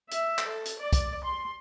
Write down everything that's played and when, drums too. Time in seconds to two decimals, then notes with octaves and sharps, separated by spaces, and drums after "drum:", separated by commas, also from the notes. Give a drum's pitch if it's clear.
0.11 E5, drum: hi-hat
0.38 drum: clap
0.48 A4
0.65 drum: hi-hat
0.81 D5
0.92 drum: kick, hi-hat
1.24 C6